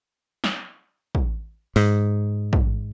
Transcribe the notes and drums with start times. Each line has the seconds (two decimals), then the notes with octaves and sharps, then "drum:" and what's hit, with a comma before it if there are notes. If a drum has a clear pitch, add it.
0.44 drum: snare
1.15 drum: kick
1.76 G#2, drum: open hi-hat
2.53 drum: kick